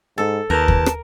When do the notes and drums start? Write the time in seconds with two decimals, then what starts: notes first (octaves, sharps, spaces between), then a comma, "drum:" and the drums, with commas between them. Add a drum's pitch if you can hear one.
0.18 G#2 A4
0.50 D#2 A#4 B4 A5
0.68 drum: kick
0.86 drum: rim click